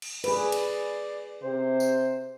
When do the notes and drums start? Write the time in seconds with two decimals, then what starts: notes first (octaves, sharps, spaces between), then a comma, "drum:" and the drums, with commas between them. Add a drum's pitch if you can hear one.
0.02 drum: cymbal
0.24 G#4 B4 D5, drum: cymbal
0.52 drum: cymbal
1.43 C3 C5
1.80 drum: tambourine